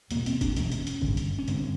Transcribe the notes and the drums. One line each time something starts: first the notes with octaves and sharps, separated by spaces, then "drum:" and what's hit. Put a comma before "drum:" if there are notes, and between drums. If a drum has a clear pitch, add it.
E2 B2 A#3, drum: hi-hat
C4, drum: hi-hat
D4, drum: kick, hi-hat
E2 B2 C#4, drum: hi-hat
drum: hi-hat
drum: hi-hat
G2 D3, drum: kick
drum: hi-hat
C#4
G2 D3 C4, drum: hi-hat